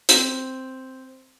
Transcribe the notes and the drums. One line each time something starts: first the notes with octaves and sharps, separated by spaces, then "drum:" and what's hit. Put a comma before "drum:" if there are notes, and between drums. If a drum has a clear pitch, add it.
C4, drum: hi-hat